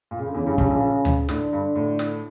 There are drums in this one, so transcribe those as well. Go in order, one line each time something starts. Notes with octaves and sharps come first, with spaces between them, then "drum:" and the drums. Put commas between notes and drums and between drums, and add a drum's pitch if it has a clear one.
A#2
C#3
D3
E2 C#3 E3
G2 G3
G2 G3, drum: kick
A#1 A#2
drum: tom D2
A2 D3, drum: snare
G2
A2
drum: snare